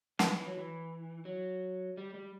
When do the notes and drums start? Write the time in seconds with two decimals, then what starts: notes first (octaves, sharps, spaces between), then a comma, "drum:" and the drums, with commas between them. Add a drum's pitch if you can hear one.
0.19 E3, drum: snare
0.36 E3
0.46 F#3
0.57 E3
1.25 F#3
1.97 G3
2.14 G3